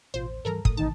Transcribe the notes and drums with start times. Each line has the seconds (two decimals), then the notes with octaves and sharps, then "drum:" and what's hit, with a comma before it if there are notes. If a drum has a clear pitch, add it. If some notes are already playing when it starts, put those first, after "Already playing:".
0.14 A1 B2 F4 C5
0.29 D#2
0.45 G#2 E3 G3 A4 A#4 A#5
0.65 A#1 A2 D#6, drum: kick
0.77 A1 B2 D#3 E3 D#4 A5